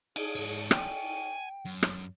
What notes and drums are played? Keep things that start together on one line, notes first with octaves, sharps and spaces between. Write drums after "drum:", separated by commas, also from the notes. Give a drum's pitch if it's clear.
G#4, drum: cymbal
G#2 C#5
G5 G#5, drum: rim click
F#2
drum: rim click